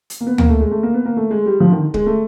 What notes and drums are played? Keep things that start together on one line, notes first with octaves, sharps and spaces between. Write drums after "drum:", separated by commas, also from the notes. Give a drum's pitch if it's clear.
drum: hi-hat
A#3
B3
A#3, drum: tom D2
A3
G#3
A3
A#3
B3
A#3
A3
G#3
G3
F3
D3
D#3
G#3, drum: kick
A3